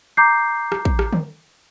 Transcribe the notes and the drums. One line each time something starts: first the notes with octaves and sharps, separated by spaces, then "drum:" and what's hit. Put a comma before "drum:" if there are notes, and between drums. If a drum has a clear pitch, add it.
A#5 D6 G6 C7
drum: rim click
drum: kick
drum: rim click
drum: tom D3